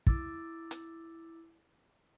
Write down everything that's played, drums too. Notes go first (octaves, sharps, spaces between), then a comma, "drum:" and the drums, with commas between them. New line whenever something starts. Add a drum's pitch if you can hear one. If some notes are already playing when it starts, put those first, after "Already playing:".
E4 D6 E6 A6, drum: kick
drum: hi-hat